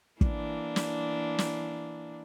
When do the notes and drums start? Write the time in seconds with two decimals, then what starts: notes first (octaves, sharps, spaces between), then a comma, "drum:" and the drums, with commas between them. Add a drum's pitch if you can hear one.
0.21 E3 A#3 D4, drum: kick
0.76 drum: snare
1.38 drum: snare